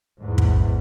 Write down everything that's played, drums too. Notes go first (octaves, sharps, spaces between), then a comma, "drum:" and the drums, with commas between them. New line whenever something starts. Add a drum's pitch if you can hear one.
E2 G#2
drum: kick